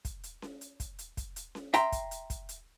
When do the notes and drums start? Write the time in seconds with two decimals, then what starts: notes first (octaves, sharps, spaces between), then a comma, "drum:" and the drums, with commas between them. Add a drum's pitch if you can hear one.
0.05 drum: kick, hi-hat
0.23 drum: hi-hat
0.42 drum: snare C#4
0.61 drum: hi-hat
0.80 drum: kick, hi-hat
0.99 drum: hi-hat
1.17 drum: kick, hi-hat
1.36 drum: hi-hat
1.55 drum: snare C#4
1.74 E5 G5 A#5 C6, drum: hi-hat
1.92 drum: kick, hi-hat
2.11 drum: hi-hat
2.30 drum: kick, hi-hat
2.49 drum: hi-hat